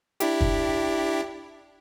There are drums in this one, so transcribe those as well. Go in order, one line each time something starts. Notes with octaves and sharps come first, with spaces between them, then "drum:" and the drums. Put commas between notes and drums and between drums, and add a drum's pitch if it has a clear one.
D4 E4 G4, drum: hi-hat
drum: kick